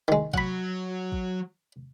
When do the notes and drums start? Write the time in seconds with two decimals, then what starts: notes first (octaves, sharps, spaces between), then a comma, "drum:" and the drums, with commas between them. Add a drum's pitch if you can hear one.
0.08 D#3 G#3
0.34 F#3 F#5 B5, drum: kick
1.12 drum: kick